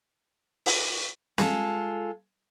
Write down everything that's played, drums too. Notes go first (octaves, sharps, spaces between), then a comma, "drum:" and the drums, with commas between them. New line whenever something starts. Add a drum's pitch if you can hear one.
drum: open hi-hat
G#3 F4 A4, drum: snare